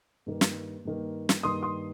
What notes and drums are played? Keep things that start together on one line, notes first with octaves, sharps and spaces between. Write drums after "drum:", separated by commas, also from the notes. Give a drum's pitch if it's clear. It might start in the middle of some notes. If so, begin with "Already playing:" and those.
G2 D#3 A#3
drum: snare
G2 D#3 A#3
drum: snare
G2 D#3 A#3 C6 D#6
C6 D#6